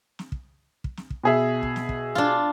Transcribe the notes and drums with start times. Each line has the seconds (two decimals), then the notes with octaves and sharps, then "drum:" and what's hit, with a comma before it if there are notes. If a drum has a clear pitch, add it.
0.19 drum: snare
0.32 drum: kick
0.84 drum: kick
0.97 drum: snare
1.10 drum: kick
1.24 B2 G#4 E5
1.63 drum: kick
1.76 drum: snare
1.89 drum: kick
2.15 D4 F4